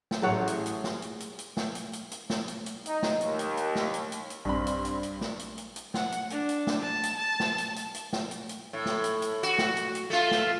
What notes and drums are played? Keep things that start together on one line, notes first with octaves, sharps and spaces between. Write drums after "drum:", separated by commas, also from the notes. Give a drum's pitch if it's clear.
drum: snare
A1 A2 F#3 G#4 C#5 F#5 A5
drum: hi-hat
drum: hi-hat
drum: snare
drum: hi-hat
drum: hi-hat
drum: hi-hat
drum: snare
drum: hi-hat
drum: hi-hat
drum: hi-hat
drum: snare
drum: hi-hat
drum: hi-hat
D#4, drum: hi-hat
drum: snare
D#2, drum: hi-hat
drum: hi-hat
drum: hi-hat
drum: snare
drum: hi-hat
drum: hi-hat
drum: hi-hat
A#1 G2 C4 B5
drum: hi-hat
drum: hi-hat
drum: hi-hat
drum: snare
drum: hi-hat
drum: hi-hat
drum: hi-hat
F#5, drum: snare
drum: hi-hat
D4, drum: hi-hat
drum: hi-hat
drum: snare
A5
drum: hi-hat
A5
drum: snare
drum: hi-hat
drum: hi-hat
drum: hi-hat
drum: snare
drum: hi-hat
drum: hi-hat
A2
drum: snare
drum: hi-hat
drum: hi-hat
F#4, drum: hi-hat
drum: snare
drum: hi-hat
drum: hi-hat
A3 F4
drum: snare